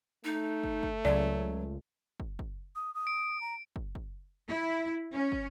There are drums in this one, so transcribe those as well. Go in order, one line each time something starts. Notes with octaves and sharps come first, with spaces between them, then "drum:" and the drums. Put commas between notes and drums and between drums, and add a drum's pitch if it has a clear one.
A3 D#4
drum: kick
drum: kick
C#2 F#3 D5
drum: kick
drum: kick
D#6
D#6
D7
A#5
drum: kick
drum: kick
E4
C#4
drum: kick